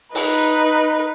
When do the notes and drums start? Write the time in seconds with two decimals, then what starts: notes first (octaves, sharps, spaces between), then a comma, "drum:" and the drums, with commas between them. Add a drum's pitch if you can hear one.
0.15 D#4 B4, drum: open hi-hat